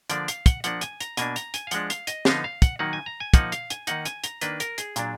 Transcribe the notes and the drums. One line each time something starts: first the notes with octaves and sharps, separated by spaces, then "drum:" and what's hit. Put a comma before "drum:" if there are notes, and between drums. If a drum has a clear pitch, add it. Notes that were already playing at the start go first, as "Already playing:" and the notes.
D3 F3 A#3 D4 D5, drum: hi-hat
F5, drum: hi-hat
F#5, drum: kick, hi-hat
F3 A#3 D4 F#5, drum: hi-hat
G#5, drum: hi-hat
A#5, drum: hi-hat
B2 A#3 D4 G#5, drum: hi-hat
A#5, drum: hi-hat
G#5, drum: hi-hat
F5
F3 G#3 D4 F#5, drum: hi-hat
F5, drum: hi-hat
D#5, drum: hi-hat
D3 F3 B3 D#4 F5, drum: snare
F5
F#5, drum: kick, hi-hat
D#3 F#3 A#3 D#4 F#5
G#5
A#5
G#5
F3 A#3 D#4 F#5, drum: kick, hi-hat
F5, drum: hi-hat
G#5, drum: hi-hat
D#3 A#3 D#4 F#5, drum: hi-hat
G#5, drum: hi-hat
A#5, drum: hi-hat
D#3 A#3 D4 B4, drum: hi-hat
A#4, drum: hi-hat
G#4, drum: hi-hat
A#2 F#3 D4, drum: hi-hat